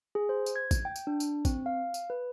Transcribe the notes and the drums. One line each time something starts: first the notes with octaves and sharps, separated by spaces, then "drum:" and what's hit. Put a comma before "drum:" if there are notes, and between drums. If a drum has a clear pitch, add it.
G#4
C5
drum: tambourine
G#6
drum: kick, tambourine
G5
drum: tambourine
D4
drum: tambourine
C4, drum: kick, tambourine
F5
drum: tambourine
B4